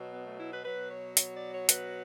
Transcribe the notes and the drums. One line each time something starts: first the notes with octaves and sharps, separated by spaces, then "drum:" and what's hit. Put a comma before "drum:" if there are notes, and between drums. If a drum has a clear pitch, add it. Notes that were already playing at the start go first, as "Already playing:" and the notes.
Already playing: B2 F#3
B3
A3
E4
B4
B2 F#3 B4
C#5
C#5, drum: hi-hat
D5
C#5
B4, drum: hi-hat